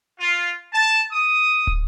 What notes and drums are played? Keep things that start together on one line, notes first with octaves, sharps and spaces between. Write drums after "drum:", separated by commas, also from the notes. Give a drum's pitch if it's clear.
F4
A5
D#6
drum: kick